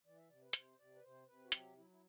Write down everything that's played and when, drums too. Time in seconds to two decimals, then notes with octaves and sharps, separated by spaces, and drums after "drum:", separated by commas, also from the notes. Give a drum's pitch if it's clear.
0.04 E3 D5
0.17 E5
0.29 C3 D5
0.42 B4
0.53 C3 C5, drum: hi-hat
0.78 C3 D5
0.95 B4
1.03 C3 C5
1.27 C3 B4
1.45 F#4
1.52 F#3 G4, drum: hi-hat
1.77 F#3 E4
1.90 E4